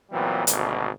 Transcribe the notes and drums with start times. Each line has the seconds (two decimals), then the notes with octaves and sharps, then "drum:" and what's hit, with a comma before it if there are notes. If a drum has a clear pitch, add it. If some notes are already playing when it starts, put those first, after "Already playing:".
0.11 A#2 E3 F#3 G3 B3 C4
0.47 G#1 D2 B2, drum: hi-hat